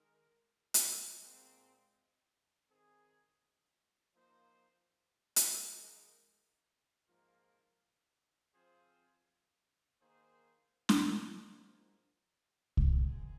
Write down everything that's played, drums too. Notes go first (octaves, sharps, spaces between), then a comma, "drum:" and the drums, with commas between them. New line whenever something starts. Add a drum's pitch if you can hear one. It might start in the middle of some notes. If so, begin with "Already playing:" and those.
Already playing: D#3 G#3 D#4 A#4
drum: hi-hat
A#2 G#3 C4
D#3 C4 G#4
F3 A#3 D#4 C5
drum: hi-hat
F3 G#3 D#4 A#4
G#2 F3 A#3 F4 A#4
F3 C4 F4 G#4 C5
D#3 A#3 G#4 C5
drum: snare
G#2 F3 A#3
drum: kick C2
A#2 G#3 C4 G#4